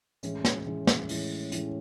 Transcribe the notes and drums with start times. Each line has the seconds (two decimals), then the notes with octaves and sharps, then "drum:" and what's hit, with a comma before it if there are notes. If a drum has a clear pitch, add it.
0.23 A2 E3 G#3 C#4, drum: hi-hat
0.45 drum: snare
0.66 A2 E3 G#3 C#4
0.87 drum: snare
1.09 A2 E3 G#3 C#4, drum: open hi-hat
1.52 A2 E3 G#3 C#4, drum: hi-hat